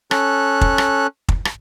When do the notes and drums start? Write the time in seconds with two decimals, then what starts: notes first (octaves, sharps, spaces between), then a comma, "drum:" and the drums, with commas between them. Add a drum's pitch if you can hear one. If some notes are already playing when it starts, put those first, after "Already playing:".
0.11 C#4 A4 F#6, drum: rim click
0.61 drum: kick
0.78 drum: rim click
1.29 drum: kick
1.45 drum: rim click